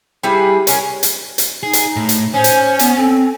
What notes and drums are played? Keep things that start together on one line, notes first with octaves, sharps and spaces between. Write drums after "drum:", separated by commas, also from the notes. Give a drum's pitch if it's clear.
G3 E4 G#4 B4
C#4 G#4 A#4, drum: hi-hat
drum: hi-hat
drum: hi-hat
D#4 G#4
drum: hi-hat
A2
drum: hi-hat
C#4 C5 G#5
drum: hi-hat
B3, drum: hi-hat
C4 A4